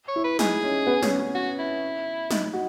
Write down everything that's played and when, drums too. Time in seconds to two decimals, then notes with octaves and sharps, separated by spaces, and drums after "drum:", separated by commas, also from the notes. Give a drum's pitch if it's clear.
0.08 C#5
0.16 E4
0.24 B4
0.39 D#4 G#4, drum: snare
0.64 C#4
0.87 B3
1.03 C#4, drum: snare
1.19 C#4
1.35 F#4
1.59 E4
2.31 D#4, drum: snare
2.53 F#4